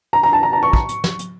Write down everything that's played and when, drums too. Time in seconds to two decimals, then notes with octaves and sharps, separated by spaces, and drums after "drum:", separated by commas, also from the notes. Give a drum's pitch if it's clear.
0.13 A#5
0.23 A#5
0.33 A5
0.43 A#5
0.53 A#5
0.63 C#6
0.73 drum: kick
0.89 drum: hi-hat
1.04 drum: snare
1.19 drum: hi-hat